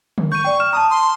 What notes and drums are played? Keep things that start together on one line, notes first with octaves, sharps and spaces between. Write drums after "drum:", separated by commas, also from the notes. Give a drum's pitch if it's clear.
drum: tom D3
C#6 G6 D#7
D5 G5
F6 E7
A5 A#5 D#6
C6